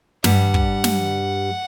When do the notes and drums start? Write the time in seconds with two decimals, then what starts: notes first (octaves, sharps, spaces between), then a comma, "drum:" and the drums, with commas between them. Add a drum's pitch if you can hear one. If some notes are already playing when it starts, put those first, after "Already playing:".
0.24 G2 G3 F#5, drum: snare
0.54 drum: kick
0.84 drum: snare